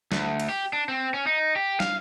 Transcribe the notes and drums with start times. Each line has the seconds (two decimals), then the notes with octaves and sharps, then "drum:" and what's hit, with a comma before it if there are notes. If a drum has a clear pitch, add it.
0.12 D2, drum: snare
0.40 drum: cymbal
0.49 G4
0.73 D4
0.89 C4
1.14 C#4
1.27 D#4
1.56 G4
1.80 F5, drum: snare